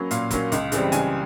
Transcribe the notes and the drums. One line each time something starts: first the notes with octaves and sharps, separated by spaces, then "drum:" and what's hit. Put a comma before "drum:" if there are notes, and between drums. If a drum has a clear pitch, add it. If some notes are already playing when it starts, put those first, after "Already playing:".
Already playing: F#3 A#3 C#4 B4
A#2 F5, drum: hi-hat
F#3 A#3 C#4, drum: kick E1, hi-hat
C#2, drum: hi-hat
C#3 E3 G3 C4, drum: hi-hat
C#2 G#5, drum: hi-hat